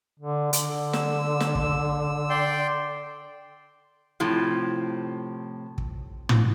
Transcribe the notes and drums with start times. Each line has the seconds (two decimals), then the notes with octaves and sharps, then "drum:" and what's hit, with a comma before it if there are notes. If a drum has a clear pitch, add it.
0.20 D3
0.53 D3, drum: hi-hat
0.93 E6, drum: snare
1.40 drum: snare
1.55 drum: kick
2.30 D5 G5 C6
4.20 A2 C3 F3
5.78 drum: kick
6.29 drum: tom